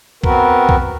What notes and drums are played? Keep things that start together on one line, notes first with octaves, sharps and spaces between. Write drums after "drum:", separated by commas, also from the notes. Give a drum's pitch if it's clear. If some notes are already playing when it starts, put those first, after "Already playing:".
B3 C4 F#4 A#4 B4, drum: kick B1
drum: kick B1